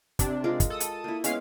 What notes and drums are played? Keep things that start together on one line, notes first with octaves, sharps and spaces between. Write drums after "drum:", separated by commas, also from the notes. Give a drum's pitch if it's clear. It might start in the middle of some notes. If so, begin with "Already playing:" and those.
C3 D4, drum: kick, hi-hat
G#3 F4 A#4
drum: kick, hi-hat
A4 D#6
drum: hi-hat
A#3 E4
G#3 A#3 B3 C#4 F5, drum: hi-hat